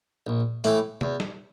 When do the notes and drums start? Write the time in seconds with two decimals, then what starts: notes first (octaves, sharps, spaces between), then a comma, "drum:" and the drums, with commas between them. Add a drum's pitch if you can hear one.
0.27 A#1
0.64 A2 E3 A3 E4, drum: hi-hat
1.01 E2, drum: tom C3
1.20 drum: snare